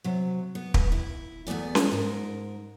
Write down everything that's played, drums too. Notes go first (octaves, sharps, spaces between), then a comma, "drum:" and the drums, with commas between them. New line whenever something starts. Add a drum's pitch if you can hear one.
C3 F#3
B3
B4, drum: kick
E4
E2 A3 B3 D5 G#5
drum: snare C#4
G#2 A#4